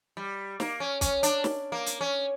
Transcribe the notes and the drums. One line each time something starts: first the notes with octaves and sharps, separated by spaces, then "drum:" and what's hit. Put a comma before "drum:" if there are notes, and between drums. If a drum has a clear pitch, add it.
G3
A#3, drum: snare
C#4
C#4, drum: kick, hi-hat
D4, drum: hi-hat
drum: snare
A#3
drum: hi-hat
C#4